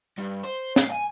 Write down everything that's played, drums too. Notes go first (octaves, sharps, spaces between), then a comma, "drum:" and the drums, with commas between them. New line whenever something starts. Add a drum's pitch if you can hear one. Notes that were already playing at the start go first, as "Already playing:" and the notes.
G2
C5
F5, drum: snare
G#5